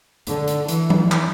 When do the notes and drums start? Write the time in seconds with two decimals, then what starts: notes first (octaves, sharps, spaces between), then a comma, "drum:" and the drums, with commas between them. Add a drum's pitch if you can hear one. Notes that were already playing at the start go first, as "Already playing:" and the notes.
0.27 D3, drum: hi-hat
0.48 drum: hi-hat
0.68 E3, drum: hi-hat
0.90 drum: tom F3
1.12 drum: clap